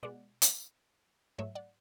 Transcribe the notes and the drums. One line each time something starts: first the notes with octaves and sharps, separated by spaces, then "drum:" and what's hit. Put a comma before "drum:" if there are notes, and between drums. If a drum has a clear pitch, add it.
B2 G#3 D5 F#5
drum: hi-hat
G#2 F#3 A3 C#5 E5
D5 F#5